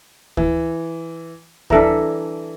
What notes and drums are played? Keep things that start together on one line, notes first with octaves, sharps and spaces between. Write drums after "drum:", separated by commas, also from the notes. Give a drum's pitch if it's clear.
E3, drum: kick
E3 D4 A4 E5 A#5, drum: kick